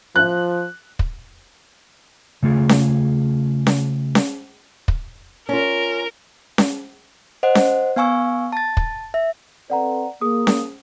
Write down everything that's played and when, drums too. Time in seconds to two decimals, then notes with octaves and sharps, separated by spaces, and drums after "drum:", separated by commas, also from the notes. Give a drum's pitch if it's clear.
0.16 F3 F#6
0.99 drum: kick
2.43 C#3 A3 F4 G#4
2.69 drum: snare C#4
3.67 drum: snare C#4
4.15 drum: snare C#4
4.88 drum: kick
5.49 C#4 F4 A#4
6.58 drum: snare C#4
7.43 C5 D#5 F#5
7.55 drum: snare C#4
7.96 B3 F5 G#5 C#6 E6
8.52 A5 A6
8.77 drum: kick
9.14 E5
9.70 C4 A4 B4 D5 F#5 A#5
10.21 A#3 G#4 D#6
10.47 drum: snare C#4